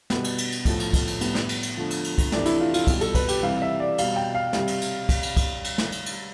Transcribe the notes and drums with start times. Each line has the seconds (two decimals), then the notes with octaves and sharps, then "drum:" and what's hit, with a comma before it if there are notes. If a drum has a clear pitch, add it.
0.10 B2 G3 B3, drum: snare
0.24 drum: cymbal
0.38 drum: cymbal
0.52 drum: cymbal
0.65 A2 F3 A3, drum: kick, cymbal
0.80 drum: cymbal
0.93 drum: kick, cymbal
1.07 drum: cymbal
1.21 A2 G3 B3, drum: cymbal
1.35 drum: snare
1.49 drum: cymbal
1.63 drum: cymbal
1.77 D3 F3 A3
1.90 drum: cymbal
2.04 drum: cymbal
2.18 drum: kick, cymbal
2.32 C3 E3 A3 D4, drum: snare
2.45 E4, drum: cymbal
2.60 F4
2.74 F4, drum: cymbal
2.87 B2 G3, drum: kick, cymbal
3.01 A4, drum: cymbal
3.15 B4, drum: kick, cymbal
3.28 G4, drum: cymbal
3.43 C3 E3 G3 F5
3.62 E5
3.80 D5
3.98 B2 G3 F5, drum: cymbal
4.16 G5
4.35 F5
4.53 C3 G3, drum: snare
4.67 drum: cymbal
4.81 drum: cymbal
5.09 drum: kick, cymbal
5.23 drum: cymbal
5.37 drum: kick, cymbal
5.64 drum: cymbal
5.78 drum: snare
5.92 drum: cymbal
6.06 drum: cymbal